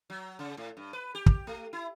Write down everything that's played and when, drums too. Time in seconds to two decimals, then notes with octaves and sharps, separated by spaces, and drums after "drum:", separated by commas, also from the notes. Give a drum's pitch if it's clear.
0.10 F#3
0.39 C#3
0.57 A2
0.77 G2
0.93 B4
1.15 G4
1.26 drum: kick
1.47 A3
1.73 E4